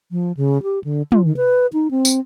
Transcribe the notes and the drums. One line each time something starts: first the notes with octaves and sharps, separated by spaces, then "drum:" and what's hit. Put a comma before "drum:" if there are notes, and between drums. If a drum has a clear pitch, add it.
F3
C#3
G4
D3
F4, drum: tom
D#3
B4
D#4
C4
drum: tambourine